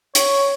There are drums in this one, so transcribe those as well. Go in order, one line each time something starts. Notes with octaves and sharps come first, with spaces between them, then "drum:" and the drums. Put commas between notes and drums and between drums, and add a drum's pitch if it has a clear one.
C#5, drum: hi-hat